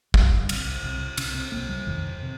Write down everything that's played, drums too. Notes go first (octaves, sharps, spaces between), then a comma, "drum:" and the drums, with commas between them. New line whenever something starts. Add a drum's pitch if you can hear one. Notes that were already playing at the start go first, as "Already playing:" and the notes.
G1 G2 G3, drum: kick
C2 C3, drum: cymbal
C2 C3
C2 C3 C#4, drum: cymbal
C4
C2 C3 A#3
G3
G1 F2 C3 D#3
C3